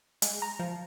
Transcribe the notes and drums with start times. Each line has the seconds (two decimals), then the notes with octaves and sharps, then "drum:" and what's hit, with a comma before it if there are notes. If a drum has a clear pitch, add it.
0.22 G#3, drum: hi-hat
0.42 A#5
0.59 F3